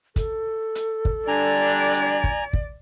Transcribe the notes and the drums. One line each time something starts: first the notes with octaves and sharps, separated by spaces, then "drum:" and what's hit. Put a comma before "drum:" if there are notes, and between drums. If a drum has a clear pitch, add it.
A4, drum: kick, hi-hat
drum: hi-hat
drum: kick
D3 G3 D4 D5 G#5 A#5
drum: hi-hat
drum: kick
drum: kick